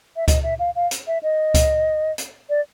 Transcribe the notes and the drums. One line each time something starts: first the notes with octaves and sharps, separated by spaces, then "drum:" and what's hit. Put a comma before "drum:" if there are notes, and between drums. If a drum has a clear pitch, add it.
E5
D#5, drum: kick C#2, hi-hat
E5
F5
F5
drum: hi-hat
E5
D#5
drum: kick C#2, hi-hat
drum: hi-hat
D5